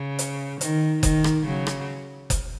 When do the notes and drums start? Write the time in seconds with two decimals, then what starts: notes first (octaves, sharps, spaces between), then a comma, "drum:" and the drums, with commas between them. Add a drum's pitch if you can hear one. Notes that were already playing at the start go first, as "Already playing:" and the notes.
Already playing: C#3
0.19 drum: hi-hat
0.61 D#3, drum: hi-hat
1.03 D#3, drum: kick F#1, hi-hat
1.24 drum: rim click
1.45 C#3 F#3
1.67 drum: rim click
2.30 drum: kick F#1, hi-hat